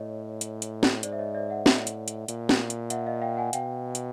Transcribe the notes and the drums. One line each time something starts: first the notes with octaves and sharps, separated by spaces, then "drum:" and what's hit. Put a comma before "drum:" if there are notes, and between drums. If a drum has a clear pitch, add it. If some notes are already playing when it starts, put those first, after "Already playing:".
Already playing: A2 C#5 D#5
drum: hi-hat
drum: hi-hat
drum: snare
G#2 C5 D5, drum: hi-hat
E5
C#5 D#5
D5 E5
E5 F#5
A2, drum: snare
drum: hi-hat
drum: hi-hat
A#2, drum: hi-hat
drum: snare
drum: hi-hat
E5 F#5, drum: hi-hat
D#5 F5
F5 G5
F#5 G#5
B2 F5 G5, drum: hi-hat
drum: hi-hat